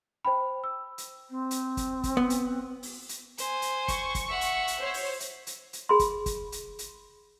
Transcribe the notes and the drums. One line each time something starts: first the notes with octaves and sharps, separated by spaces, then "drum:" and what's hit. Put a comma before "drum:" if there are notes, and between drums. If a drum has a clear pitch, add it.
C5 G5 B5
E6
drum: hi-hat
C4
drum: hi-hat
drum: kick, hi-hat
drum: kick, hi-hat
B3
drum: hi-hat
drum: open hi-hat
drum: hi-hat
C5 G#5, drum: hi-hat
drum: hi-hat
C#6, drum: kick, hi-hat
drum: kick, hi-hat
E5 F#5
drum: hi-hat
drum: hi-hat
C5 C#5
drum: open hi-hat
drum: hi-hat
drum: hi-hat
drum: hi-hat
G#4 B5 C6
drum: kick, hi-hat
drum: kick, hi-hat
drum: hi-hat
drum: hi-hat